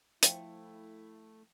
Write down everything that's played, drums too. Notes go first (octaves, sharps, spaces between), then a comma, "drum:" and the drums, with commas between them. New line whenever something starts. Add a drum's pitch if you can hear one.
F3 A3 E4 C5 F5 G5, drum: hi-hat